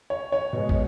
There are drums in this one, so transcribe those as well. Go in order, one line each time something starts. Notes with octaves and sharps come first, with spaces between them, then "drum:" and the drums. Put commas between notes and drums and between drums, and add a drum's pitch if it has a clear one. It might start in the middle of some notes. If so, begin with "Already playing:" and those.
C#5
C#5
B2 G#3
drum: kick